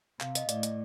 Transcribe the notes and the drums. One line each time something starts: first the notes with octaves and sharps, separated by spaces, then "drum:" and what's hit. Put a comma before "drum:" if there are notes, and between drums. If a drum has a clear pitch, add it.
C3 F5, drum: clap
D#5, drum: hi-hat
A2 D5, drum: hi-hat
drum: hi-hat